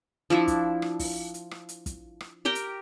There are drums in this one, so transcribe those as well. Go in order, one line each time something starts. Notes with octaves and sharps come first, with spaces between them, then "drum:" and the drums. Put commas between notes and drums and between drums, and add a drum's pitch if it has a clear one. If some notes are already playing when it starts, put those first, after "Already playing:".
F3 D4 E4 E5
drum: kick, hi-hat
drum: rim click
drum: kick, open hi-hat
drum: hi-hat
drum: rim click
drum: hi-hat
drum: kick, hi-hat
drum: rim click
G4 A#4 G5 A#5
drum: hi-hat